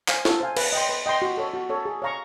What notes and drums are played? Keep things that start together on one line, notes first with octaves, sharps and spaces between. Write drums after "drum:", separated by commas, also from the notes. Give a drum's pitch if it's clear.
C5 F5 G#5, drum: clap
A4, drum: snare
C5 F5 G#5
B4, drum: cymbal
D#5 G5 C6
B4
D#5 G5 C6
F#4
A4 C#5
F#4
A4 C#5
G#4
C#5 F5 A#5 C#6